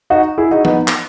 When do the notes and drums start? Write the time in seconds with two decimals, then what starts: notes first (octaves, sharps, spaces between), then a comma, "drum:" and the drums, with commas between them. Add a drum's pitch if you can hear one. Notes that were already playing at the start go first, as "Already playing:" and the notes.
0.10 D#4 F#4
0.38 E4 G#4
0.51 D#4 F#4
0.65 B3 D#4, drum: tom
0.88 drum: clap